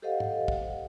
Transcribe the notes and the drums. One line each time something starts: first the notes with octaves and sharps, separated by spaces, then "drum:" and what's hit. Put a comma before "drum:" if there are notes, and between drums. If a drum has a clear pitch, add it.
G4 A4 C5 D#5 F5 F#5
drum: tom
drum: kick